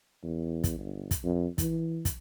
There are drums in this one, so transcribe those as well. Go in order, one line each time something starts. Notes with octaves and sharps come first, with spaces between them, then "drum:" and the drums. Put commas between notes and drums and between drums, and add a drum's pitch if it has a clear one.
E2
drum: kick, hi-hat
G1
drum: kick, hi-hat
F2
E3, drum: kick, hi-hat
drum: kick, hi-hat